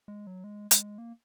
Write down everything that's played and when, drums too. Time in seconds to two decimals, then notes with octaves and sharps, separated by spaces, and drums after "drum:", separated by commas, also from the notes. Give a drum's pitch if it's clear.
0.08 G#3
0.27 F#3
0.44 G#3
0.71 G#3, drum: hi-hat
0.98 A#3